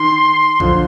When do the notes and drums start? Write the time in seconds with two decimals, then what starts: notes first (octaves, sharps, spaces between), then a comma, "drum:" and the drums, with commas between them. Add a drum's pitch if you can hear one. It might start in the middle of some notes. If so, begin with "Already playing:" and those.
Already playing: D#3 C6
0.60 D3 F3, drum: kick A#1